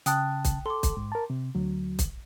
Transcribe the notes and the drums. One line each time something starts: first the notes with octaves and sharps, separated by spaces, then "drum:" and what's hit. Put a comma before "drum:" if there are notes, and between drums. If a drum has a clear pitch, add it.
C#3 G5 A5 D#6 F#6, drum: hi-hat
drum: kick, hi-hat
A4 C6 D6
drum: kick, hi-hat
G#2
A#4 A5
C3
D2 F#3
drum: kick, hi-hat